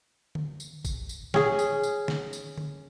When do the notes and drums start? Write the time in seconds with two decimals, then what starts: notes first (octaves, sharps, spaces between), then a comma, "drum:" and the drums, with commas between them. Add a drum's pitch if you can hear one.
0.35 drum: tom D3
0.60 drum: tambourine
0.85 drum: kick, tambourine
1.09 drum: tambourine
1.34 C#4 G#4, drum: snare
1.59 drum: tambourine
1.83 drum: tambourine
2.08 drum: snare
2.33 drum: tambourine
2.58 drum: tom D3